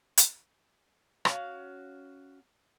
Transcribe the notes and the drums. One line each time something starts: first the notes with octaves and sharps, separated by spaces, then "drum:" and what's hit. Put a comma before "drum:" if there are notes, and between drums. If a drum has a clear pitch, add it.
drum: hi-hat
C#4 F#4 F5, drum: rim click